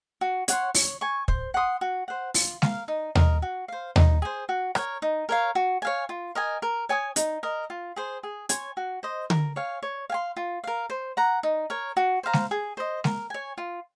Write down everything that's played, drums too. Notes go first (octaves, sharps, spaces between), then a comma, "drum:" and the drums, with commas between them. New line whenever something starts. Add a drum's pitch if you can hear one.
F#4
C#5 F#5 C6, drum: hi-hat
C#5, drum: open hi-hat
G#5 C#6
C5, drum: kick
F#5 C6 D#6
F#4
C5 F#5
F4, drum: open hi-hat
A#4 F5, drum: snare G#3
D#4
A#4 D#5, drum: tom D#2
F#4
C5 F5
D#4, drum: tom D#2
G#4 C5
F#4
A#4 C#5, drum: rim click
D#4
A#4 C#5 F5
F#4
C#5 F5 G#5
F4
A#4 D#5 G#5
A#4
C#5 G#5 D#6
D#4, drum: hi-hat
A#4 D#5
F4
G#4 C5
G#4
C#5 G#5 C6, drum: hi-hat
F#4
C5 D#5
A#4, drum: tom D3
C#5 F5 G#5
C#5
F5 G#5 C6
F4
A#4 F5
C5
F#5 A#5
D#4
A#4 C#5
F#4
C5 F5 A#5
drum: snare G#3
G#4
C5 D#5
A#4, drum: snare G#3
C#5 G#5
F4